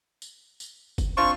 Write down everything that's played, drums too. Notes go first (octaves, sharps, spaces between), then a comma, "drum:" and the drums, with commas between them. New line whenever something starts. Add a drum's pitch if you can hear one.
drum: tambourine
drum: tambourine
drum: kick F#1, tambourine
C4 D4 F4 C#6